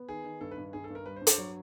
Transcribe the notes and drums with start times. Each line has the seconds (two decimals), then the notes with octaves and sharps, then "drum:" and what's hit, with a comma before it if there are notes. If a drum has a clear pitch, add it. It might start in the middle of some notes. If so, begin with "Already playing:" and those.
Already playing: B3
0.09 D#3 G#4
0.24 D#3
0.41 G2 A4
0.51 B4
0.58 G2
0.73 G2 G#4
0.84 A4
0.90 G2
0.95 A#4
1.06 G3 B4
1.16 C5
1.21 G2
1.27 C5, drum: hi-hat
1.37 F#3 C#5